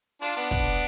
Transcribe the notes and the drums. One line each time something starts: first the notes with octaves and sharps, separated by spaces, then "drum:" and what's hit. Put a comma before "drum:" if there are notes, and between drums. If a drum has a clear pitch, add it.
D4 F4, drum: hi-hat
B3 D4
drum: kick, hi-hat